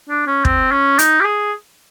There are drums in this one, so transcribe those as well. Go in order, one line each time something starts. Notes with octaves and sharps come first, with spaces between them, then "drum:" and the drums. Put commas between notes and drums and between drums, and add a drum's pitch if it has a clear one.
D4
C#4
C4, drum: kick
C#4
D#4, drum: hi-hat
G4
G#4